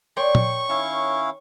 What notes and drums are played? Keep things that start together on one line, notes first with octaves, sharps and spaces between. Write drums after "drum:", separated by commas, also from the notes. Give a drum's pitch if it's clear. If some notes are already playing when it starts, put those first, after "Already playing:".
A#4 C#5 D5 G5 C6 C#6
drum: tom
D#3 C#4 E4 F5